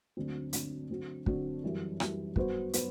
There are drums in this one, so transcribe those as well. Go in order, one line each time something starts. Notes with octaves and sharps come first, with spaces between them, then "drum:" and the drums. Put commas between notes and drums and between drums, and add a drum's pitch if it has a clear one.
D2 D3 F#3 C4
D2 D3 F#3 C4, drum: hi-hat
D3 F#3 C4 F#4
D3 F#3 C4 F#4, drum: kick
F#2 E3 G3
F#2 E3 G3, drum: rim click
G2 F#3 B3 F#4 C5, drum: kick
F#3 B3 F#4 C5, drum: hi-hat